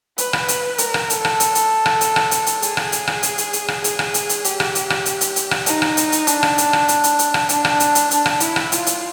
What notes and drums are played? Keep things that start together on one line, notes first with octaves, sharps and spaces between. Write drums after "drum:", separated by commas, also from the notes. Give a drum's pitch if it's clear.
B4, drum: hi-hat
drum: rim click
drum: hi-hat
A#4, drum: hi-hat
drum: rim click
A4, drum: hi-hat
drum: rim click
drum: hi-hat
drum: hi-hat
drum: rim click
drum: hi-hat
drum: rim click
drum: hi-hat
drum: hi-hat
G#4, drum: hi-hat
drum: rim click
drum: hi-hat
drum: rim click
drum: hi-hat
drum: hi-hat
drum: hi-hat
drum: rim click
G#4, drum: hi-hat
drum: rim click
drum: hi-hat
drum: hi-hat
G4, drum: hi-hat
drum: rim click
drum: hi-hat
drum: rim click
drum: hi-hat
drum: hi-hat
drum: hi-hat
drum: rim click
D#4, drum: hi-hat
drum: rim click
drum: hi-hat
drum: hi-hat
D4, drum: hi-hat
drum: rim click
drum: hi-hat
drum: rim click
drum: hi-hat
drum: hi-hat
drum: hi-hat
drum: rim click
D4, drum: hi-hat
drum: rim click
drum: hi-hat
drum: hi-hat
D4, drum: hi-hat
drum: rim click
E4, drum: hi-hat
drum: rim click
F4, drum: hi-hat
drum: hi-hat